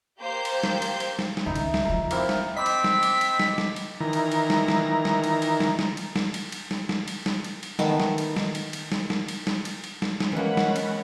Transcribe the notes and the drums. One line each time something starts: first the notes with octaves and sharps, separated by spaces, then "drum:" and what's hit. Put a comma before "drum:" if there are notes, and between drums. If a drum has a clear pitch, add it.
A#3 G4 C5 G6
drum: cymbal
drum: snare
drum: cymbal
drum: cymbal
drum: snare
drum: snare
C#2 D#3 D#4 E4 A#5
drum: cymbal
drum: snare
E2 F3 A#5
A#3 C4 E4, drum: cymbal
drum: snare
C4 D#5 B5 D6 B6
drum: cymbal
drum: snare
drum: cymbal
drum: cymbal
drum: snare
drum: snare
drum: cymbal
D#3 E3 A#5
drum: cymbal
drum: cymbal
drum: snare
drum: snare
drum: snare
drum: cymbal
drum: cymbal
drum: snare
drum: snare
drum: cymbal
drum: snare
drum: cymbal
drum: cymbal
drum: snare
drum: snare
drum: cymbal
drum: snare
drum: cymbal
drum: cymbal
D#3 A3 B3, drum: snare
drum: snare
drum: cymbal
drum: snare
drum: cymbal
drum: cymbal
drum: snare
drum: snare
drum: cymbal
drum: snare
drum: cymbal
drum: cymbal
drum: snare
drum: snare
E3 G#3 A#3 C#4 F#5 B5
drum: snare
drum: cymbal